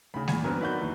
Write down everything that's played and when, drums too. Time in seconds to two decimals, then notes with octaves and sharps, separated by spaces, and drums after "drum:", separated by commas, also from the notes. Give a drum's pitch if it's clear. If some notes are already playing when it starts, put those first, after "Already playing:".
0.14 D2 C#3 B5
0.28 E2 A#2 G#5, drum: snare G#3
0.44 G2 F#3 B3 C4 A#4
0.61 D#3 F#4 B4 D5 G6
0.81 D#2 E3